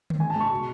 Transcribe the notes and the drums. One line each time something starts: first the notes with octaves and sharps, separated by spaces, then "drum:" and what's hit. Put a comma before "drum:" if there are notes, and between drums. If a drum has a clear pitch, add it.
drum: tom D3
G#3 G#5
A5
G#3 C#6
B2